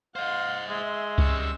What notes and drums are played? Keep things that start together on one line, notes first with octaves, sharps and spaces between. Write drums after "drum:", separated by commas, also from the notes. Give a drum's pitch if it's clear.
C5 D#5 F5 F#5 C6
G#3 E5 C6
G3 C#4 E6, drum: kick C2